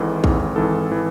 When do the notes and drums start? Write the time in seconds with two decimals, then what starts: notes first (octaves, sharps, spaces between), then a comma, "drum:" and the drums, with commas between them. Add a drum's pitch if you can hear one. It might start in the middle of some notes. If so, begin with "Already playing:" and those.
Already playing: G#1 G#2 E3 A4
0.24 G#1 G#2 E3, drum: kick A#1
0.56 G#1 G#2 E3 A4
0.92 E3